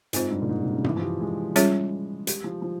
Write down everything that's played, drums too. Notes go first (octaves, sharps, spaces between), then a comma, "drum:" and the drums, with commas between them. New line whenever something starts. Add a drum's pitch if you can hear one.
G#2 G#3 C4 F4 C5, drum: hi-hat
G2
A#2
G#2
C3
C#3
E3, drum: tom G2
F3
G3
G#3
G3 C#4 F4 G#4 C#5, drum: hi-hat
G3, drum: hi-hat
F3
F3